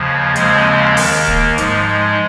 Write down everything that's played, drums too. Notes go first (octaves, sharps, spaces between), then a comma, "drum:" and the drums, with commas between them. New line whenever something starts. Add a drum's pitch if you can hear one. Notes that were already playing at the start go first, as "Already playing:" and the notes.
Already playing: D#2 C#3 F3
D#2 C#3 F3 G#3 C4, drum: hi-hat
D#2 D#3, drum: open hi-hat
A#3, drum: kick
G#2 F3 G#3, drum: hi-hat
G#3